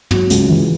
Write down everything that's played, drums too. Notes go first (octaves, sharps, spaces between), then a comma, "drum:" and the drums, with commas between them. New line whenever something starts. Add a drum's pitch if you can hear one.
F#3, drum: tom
C#2, drum: hi-hat
E3